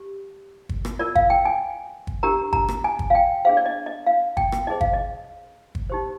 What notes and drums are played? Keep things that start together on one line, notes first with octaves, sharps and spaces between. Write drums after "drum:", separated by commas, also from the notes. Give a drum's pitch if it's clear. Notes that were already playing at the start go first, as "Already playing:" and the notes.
Already playing: G4
drum: kick
drum: rim click
F4 A#4 D5
F5, drum: kick
G5
G#5
drum: kick
D4 G4 A#4 A#5
A#5, drum: kick
drum: rim click
G#5
drum: kick
F5
G5
D4 G#4 C5 F5
D5
D#5
D#5
F5
G5, drum: kick
drum: rim click
D#4 G#4 C5 D#5
F5, drum: kick
D#5
drum: kick
D#4 G4 C5